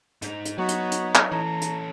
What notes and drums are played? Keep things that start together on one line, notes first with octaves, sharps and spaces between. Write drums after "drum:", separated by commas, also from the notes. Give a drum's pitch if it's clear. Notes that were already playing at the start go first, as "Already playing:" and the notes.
G#2 D#4, drum: hi-hat
drum: hi-hat
F#3 B3 D#4 F#4 C#5
drum: hi-hat
drum: hi-hat
drum: clap
E3 C#4 A4 A#5
drum: hi-hat